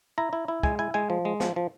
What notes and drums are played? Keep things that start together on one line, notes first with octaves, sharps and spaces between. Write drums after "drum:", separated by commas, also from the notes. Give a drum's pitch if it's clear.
E4 A#5
E4
E4
G#3 G#5, drum: kick
E4 G#5
G#3 G#5
F3
G#3
F3, drum: snare
F3